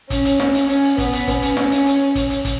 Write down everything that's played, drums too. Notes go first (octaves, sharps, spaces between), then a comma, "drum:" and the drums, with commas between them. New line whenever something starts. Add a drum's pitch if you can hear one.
C#4, drum: kick, hi-hat
drum: hi-hat
drum: snare
drum: hi-hat
C#4, drum: hi-hat
drum: open hi-hat
B3, drum: kick, hi-hat
drum: hi-hat
C#4, drum: kick, hi-hat
drum: hi-hat
drum: snare
drum: hi-hat
drum: hi-hat
drum: kick, hi-hat
drum: hi-hat
drum: kick, hi-hat